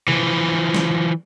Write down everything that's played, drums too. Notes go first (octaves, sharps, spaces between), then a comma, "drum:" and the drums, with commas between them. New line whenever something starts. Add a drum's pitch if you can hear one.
E3 F3, drum: tom C3
drum: snare